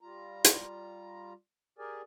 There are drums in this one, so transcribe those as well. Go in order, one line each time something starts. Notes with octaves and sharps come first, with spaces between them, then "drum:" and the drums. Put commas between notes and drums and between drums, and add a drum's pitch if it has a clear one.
G3 F4 A#5
drum: hi-hat
G4 G#4 A#4 D5 G#5